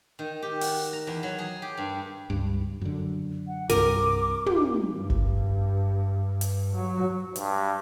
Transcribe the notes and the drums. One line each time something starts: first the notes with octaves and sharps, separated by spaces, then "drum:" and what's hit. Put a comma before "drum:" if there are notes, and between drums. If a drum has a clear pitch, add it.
D#3
G4
F#4, drum: open hi-hat
A#5
E2
F#3
G#4
G4
G2
C#2 G2
F#2 D3
F#5
C2 G2 C3 A#4 D6, drum: hi-hat
drum: tom
G2
drum: kick G1
drum: hi-hat
F#3
G2, drum: hi-hat